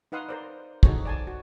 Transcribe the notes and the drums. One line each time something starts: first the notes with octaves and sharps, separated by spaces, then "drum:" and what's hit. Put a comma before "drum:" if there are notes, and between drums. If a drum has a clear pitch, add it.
D#4 B4 F5 F#5 C6 D#6
A#4 C5 D5
D#4 F#4 G#4 A4 C5 C#5, drum: kick
D5 G#5 A5
F#4